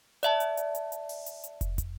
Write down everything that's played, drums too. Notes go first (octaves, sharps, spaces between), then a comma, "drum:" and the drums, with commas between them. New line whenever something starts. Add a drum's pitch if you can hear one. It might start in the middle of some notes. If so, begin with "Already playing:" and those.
D5 E5 A5, drum: hi-hat
drum: hi-hat
drum: hi-hat
drum: hi-hat
drum: hi-hat
drum: open hi-hat
drum: hi-hat
drum: hi-hat
drum: kick, hi-hat
drum: kick, hi-hat